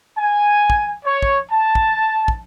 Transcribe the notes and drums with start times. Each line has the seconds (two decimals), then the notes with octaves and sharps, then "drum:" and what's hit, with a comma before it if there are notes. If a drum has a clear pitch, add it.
0.17 G#5
0.70 drum: kick
1.05 C#5
1.23 drum: kick
1.51 A5
1.75 drum: kick
2.28 drum: kick